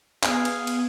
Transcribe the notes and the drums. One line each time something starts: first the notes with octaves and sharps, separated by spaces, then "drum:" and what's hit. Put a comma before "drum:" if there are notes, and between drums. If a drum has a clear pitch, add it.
B3 G#4 F5 G#5, drum: clap
drum: cymbal
drum: cymbal